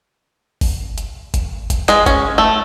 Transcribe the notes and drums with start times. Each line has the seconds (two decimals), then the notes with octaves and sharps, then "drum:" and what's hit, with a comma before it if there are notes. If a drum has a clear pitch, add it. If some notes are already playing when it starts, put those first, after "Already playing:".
0.61 drum: kick G1, open hi-hat
0.98 drum: hi-hat
1.34 drum: kick G1, hi-hat
1.70 drum: kick G1, hi-hat
1.89 G#3, drum: clap
2.06 C#4, drum: kick G1, hi-hat
2.38 A3